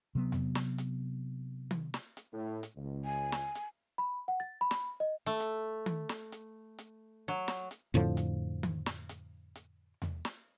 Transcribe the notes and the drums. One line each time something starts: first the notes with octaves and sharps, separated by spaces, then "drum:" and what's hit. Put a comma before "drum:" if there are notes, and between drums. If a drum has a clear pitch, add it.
C3 F#3 B3
drum: tom E2
drum: snare
drum: hi-hat
drum: tom D#3
drum: snare
drum: hi-hat
A2
drum: hi-hat
C#2
G#5
drum: snare
drum: hi-hat
B5
F#5
A6
B5
drum: snare
D#5
A3
drum: hi-hat
drum: tom D#3
drum: snare
drum: hi-hat
drum: hi-hat
F#3
drum: snare
drum: hi-hat
F2 A2 D3 F3
drum: hi-hat
drum: tom D#3
drum: snare
drum: hi-hat
drum: hi-hat
drum: tom E2
drum: snare